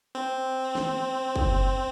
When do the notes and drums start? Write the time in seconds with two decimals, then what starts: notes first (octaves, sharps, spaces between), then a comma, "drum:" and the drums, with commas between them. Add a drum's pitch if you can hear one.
0.15 C4
0.75 drum: snare
1.36 drum: kick